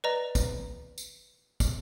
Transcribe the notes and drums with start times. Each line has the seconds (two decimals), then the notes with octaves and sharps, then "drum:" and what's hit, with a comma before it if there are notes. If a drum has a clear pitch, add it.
0.04 B4 D5 D#5 A#5
0.35 drum: kick, tambourine
0.98 drum: tambourine
1.60 drum: kick, tambourine